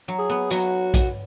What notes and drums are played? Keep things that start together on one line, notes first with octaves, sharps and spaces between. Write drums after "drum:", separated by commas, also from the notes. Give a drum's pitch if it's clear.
F#3
G#4
B3
F#3 F#4, drum: hi-hat
drum: kick A#1, hi-hat